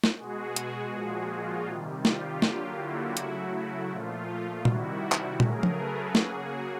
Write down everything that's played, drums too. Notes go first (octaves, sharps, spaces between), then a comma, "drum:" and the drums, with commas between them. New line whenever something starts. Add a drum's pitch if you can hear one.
drum: snare
B2 G#3 F#4 G#4
drum: hi-hat
A#2 F3 G#3
F4
C3 D#3 G3
F4 G4, drum: snare
D3 F#3 A#3, drum: snare
E4 F#4
C#3 F#3 A3, drum: hi-hat
E4
A#2 F3 A3 F4
C3 D#3 G3 E4 F#4, drum: tom A#2
drum: clap
C#3 F#3 A3 G#4 A#4, drum: tom A#2
drum: tom F3
A4 B4
C#3 F#3 A#3 F#4 G#4, drum: snare